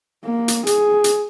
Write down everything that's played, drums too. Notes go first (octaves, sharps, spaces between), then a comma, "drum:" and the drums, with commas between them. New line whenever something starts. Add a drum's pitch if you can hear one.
A#3
drum: hi-hat
G#4, drum: hi-hat
drum: hi-hat